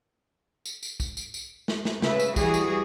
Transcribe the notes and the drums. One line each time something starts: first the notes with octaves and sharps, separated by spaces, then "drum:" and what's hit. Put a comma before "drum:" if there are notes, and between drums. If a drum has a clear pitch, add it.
drum: tambourine
drum: tambourine
drum: kick, tambourine
drum: tambourine
drum: tambourine
drum: snare
drum: snare
C#3 B4 E5, drum: snare
drum: tambourine
E3 G3 F#4 G#4, drum: kick, tambourine
drum: tambourine